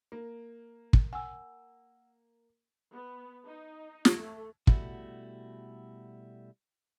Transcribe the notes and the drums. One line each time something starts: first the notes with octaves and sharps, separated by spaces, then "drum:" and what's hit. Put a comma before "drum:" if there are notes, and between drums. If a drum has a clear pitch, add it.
A#3
drum: kick
F#5 G#5 E6
B3
D#4
drum: snare
A3
B2 G3 A3 E4 F#4, drum: kick